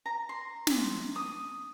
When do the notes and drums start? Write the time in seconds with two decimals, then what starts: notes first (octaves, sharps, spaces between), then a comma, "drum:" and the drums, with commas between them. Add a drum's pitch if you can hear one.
0.06 A#5
0.29 C6
0.67 drum: snare
1.16 D#6